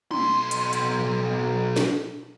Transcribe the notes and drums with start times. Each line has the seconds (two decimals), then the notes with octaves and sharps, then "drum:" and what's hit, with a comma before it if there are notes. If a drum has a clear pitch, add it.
0.11 B1 C6, drum: tom
0.51 drum: hi-hat
0.73 drum: hi-hat
1.76 drum: snare